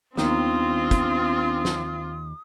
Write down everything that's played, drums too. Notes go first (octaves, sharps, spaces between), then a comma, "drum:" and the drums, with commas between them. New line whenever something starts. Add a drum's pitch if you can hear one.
D#2 D#3 B3 C4 D4 F4 D#6, drum: snare
drum: kick, hi-hat
drum: snare